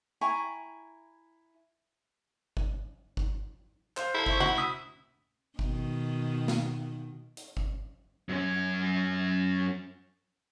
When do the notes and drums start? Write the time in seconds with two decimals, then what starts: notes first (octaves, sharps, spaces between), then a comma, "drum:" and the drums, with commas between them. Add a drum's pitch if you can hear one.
0.21 E4 G#5 A#5 C#6
2.57 drum: kick G1
3.17 drum: kick G1
3.97 C5 F5, drum: clap
4.14 E4 A4 C7
4.26 C5 E5 C#6, drum: kick G1
4.40 F#4, drum: tom C3
4.57 D#6 E6 B6
5.59 B2 D#3, drum: kick G1
6.48 drum: snare
7.37 drum: hi-hat
7.57 drum: kick G1
8.29 F#2 C#4